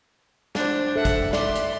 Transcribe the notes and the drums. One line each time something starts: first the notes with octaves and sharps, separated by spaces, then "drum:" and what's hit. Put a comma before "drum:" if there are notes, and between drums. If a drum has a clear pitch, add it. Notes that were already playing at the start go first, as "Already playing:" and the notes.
D4 C5, drum: snare
A4 E5 F#5
drum: kick, hi-hat
D5 C6, drum: snare
drum: hi-hat